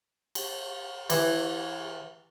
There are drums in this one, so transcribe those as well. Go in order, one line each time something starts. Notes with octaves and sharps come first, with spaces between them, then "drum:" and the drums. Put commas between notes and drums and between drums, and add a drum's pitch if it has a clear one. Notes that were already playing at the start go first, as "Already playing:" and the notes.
drum: cymbal
E3, drum: cymbal